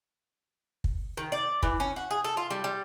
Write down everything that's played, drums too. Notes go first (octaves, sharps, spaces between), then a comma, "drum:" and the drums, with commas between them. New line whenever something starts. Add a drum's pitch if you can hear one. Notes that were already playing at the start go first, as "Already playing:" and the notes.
drum: kick
D#3
D5
E3, drum: kick
C#4
F#4
G#4
A4
F4
G3
G3